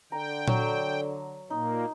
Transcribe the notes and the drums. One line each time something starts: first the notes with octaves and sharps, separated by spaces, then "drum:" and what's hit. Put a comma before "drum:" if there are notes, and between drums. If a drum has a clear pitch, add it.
D3 G5 A#5
F#3, drum: tom A#2
A#2 A#3 D#4